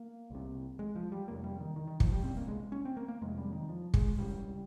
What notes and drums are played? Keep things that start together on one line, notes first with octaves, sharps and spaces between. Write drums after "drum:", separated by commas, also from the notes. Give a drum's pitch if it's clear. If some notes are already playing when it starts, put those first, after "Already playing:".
Already playing: A#3
C2 C3
G#3
F3
G3
F2 C3 A#3
G3
D#3
D#3
D#3
F3, drum: kick
G3
C2 A#2 C4
A#3
G#3
C#4
C4
A#3
A#3
F2 C3 G#3
G3
D#3
F3
G#3, drum: kick
C#2 C#3 G3